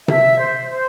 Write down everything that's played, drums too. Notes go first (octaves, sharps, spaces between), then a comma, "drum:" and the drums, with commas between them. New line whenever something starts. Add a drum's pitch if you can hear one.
E5, drum: tom C3
C5
C5